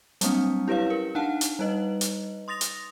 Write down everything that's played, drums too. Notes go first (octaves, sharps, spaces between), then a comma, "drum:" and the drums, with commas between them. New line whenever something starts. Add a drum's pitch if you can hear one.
F#3 G3 A#3 C4 D4, drum: hi-hat
E4 G4 B4 C#5 F5
C#4 A#4
D4 D#4 F5 F#5 A5
drum: hi-hat
G3 D#4 B4 D#5
drum: hi-hat
C6 D#6 A6 A#6 F7
drum: hi-hat